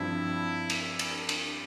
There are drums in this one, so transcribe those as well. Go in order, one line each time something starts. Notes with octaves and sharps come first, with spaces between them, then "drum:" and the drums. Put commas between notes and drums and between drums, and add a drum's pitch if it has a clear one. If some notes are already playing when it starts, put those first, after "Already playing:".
Already playing: G2 F3 C4 E4
drum: cymbal
drum: cymbal
drum: cymbal